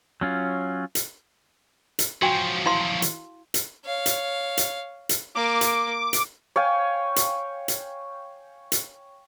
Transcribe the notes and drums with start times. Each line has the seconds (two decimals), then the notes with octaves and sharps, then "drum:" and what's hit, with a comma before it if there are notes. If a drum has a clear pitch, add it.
0.21 F#3 C#4 F4
0.95 drum: hi-hat
1.99 drum: hi-hat
2.22 F3 F#3 F#4 G5 G#5
2.66 E4 F5 C6
3.02 drum: hi-hat
3.54 drum: hi-hat
3.85 C#5 F5
4.06 drum: hi-hat
4.57 drum: hi-hat
5.09 drum: hi-hat
5.35 A#3 D6
5.61 drum: hi-hat
6.13 drum: hi-hat
6.56 C#5 F5 G5 G#5
7.16 drum: hi-hat
7.68 drum: hi-hat
8.72 drum: hi-hat